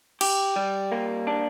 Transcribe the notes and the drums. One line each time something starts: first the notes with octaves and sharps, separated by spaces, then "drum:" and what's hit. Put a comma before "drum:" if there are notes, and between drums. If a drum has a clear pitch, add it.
G4, drum: cymbal
G3
A#3
D4